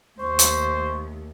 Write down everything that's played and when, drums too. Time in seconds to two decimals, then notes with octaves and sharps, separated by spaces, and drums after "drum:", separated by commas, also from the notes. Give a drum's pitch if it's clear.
0.20 D#2 A3 C5 C#6
0.39 drum: hi-hat